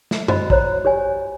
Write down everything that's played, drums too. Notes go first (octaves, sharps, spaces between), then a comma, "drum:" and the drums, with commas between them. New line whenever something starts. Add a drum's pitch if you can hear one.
drum: snare
F#4 C5 D#5 B5, drum: tom
C5 C#5 A#5, drum: kick
G4 C#5 G#5